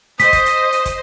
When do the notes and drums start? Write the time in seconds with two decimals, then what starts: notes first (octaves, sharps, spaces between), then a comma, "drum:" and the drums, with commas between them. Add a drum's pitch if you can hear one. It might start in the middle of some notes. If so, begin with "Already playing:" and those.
0.20 C5 D#5 D#6 B6, drum: hi-hat
0.33 drum: kick, hi-hat
0.46 drum: hi-hat
0.72 drum: hi-hat
0.86 drum: kick, hi-hat